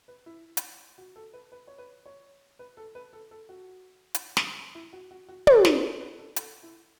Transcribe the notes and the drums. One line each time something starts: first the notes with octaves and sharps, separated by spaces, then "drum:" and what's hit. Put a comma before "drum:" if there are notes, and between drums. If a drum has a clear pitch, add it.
B4
E4
drum: hi-hat
F#4
A4
B4
B4
C#5
B4
C#5
B4
A4
B4
A4
A4
F#4
drum: hi-hat
drum: snare
E4
F#4
F#4
F#4
A4, drum: tom
B4, drum: snare
C#5
B4
A4
A4, drum: hi-hat
E4